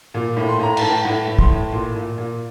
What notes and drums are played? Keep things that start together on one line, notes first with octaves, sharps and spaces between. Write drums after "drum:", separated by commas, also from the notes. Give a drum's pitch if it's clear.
A#2
A2
C6
A2 A#5
A5, drum: cymbal
A2
G5
A2 F#5
A2
C6, drum: kick
A2
A#2 C6
A#2
A#2